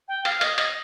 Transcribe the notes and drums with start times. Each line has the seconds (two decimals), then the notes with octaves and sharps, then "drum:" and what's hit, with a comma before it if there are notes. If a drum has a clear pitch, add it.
0.08 G5
0.25 F5, drum: hi-hat
0.41 D#5, drum: hi-hat
0.58 D#5, drum: hi-hat